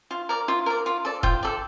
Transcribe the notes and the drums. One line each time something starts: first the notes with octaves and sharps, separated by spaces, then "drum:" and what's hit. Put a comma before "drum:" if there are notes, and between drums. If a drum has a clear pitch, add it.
F4
A#4 D5
F4
A#4 D5
F4
A4 D5
F4 G5, drum: kick E1
A4 D5